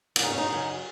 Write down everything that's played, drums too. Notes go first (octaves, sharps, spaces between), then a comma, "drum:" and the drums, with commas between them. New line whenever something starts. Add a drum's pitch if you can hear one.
F#2 C#3 F#3 F#4, drum: cymbal
D#4
C#4
D#4
F#2 C#3 F#3